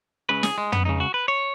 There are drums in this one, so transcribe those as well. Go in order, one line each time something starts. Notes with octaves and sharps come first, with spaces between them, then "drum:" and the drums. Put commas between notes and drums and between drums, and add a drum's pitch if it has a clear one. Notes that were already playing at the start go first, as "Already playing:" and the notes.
C#2 C#3 B4
G#4, drum: snare
G#3
B3, drum: tom
C#2 C#3 D#4
F#4
B4
C#5